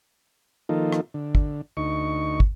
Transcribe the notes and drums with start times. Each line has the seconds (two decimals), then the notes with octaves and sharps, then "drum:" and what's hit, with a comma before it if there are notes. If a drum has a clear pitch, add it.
0.69 D#3 F3 A#3 D#4 F4 A4
0.93 drum: rim click
1.14 D3
1.35 drum: kick
1.77 D2 D#4 C#6
2.40 drum: kick